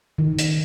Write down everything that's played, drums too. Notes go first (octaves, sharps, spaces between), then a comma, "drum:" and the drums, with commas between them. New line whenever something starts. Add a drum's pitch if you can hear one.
D#3
drum: hi-hat